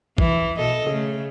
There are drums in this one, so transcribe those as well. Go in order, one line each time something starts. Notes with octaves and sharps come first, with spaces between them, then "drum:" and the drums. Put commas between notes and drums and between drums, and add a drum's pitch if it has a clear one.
E3, drum: kick A#1
B2 A4 D#5
C#3 A3